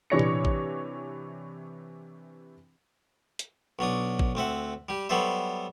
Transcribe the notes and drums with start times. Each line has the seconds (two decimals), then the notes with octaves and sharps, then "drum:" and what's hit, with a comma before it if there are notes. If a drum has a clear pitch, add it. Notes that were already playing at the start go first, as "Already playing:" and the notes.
0.10 C3 E3 D4 C#5 A#6 C#7
0.19 drum: tom A#2
0.45 drum: kick A1
3.39 drum: hi-hat
3.79 B1 F#3 D4 D#6
4.19 drum: kick A1
4.35 D2 C4 E5 F#5
4.89 G3 G4
5.09 F#3 G3 B3 A4 C5 E5